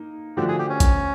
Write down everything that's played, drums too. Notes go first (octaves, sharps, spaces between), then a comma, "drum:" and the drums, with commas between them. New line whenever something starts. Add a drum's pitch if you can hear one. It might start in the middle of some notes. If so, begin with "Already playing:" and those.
Already playing: A#3 D#4
D3 F3 A3 D4 F#4 G4
G#4
G4
C#4
drum: kick A1, hi-hat